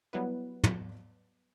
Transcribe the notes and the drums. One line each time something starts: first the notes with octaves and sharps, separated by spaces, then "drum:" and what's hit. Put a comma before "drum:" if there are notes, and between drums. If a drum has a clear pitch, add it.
F#3 G3 B3 E4 B4
drum: tom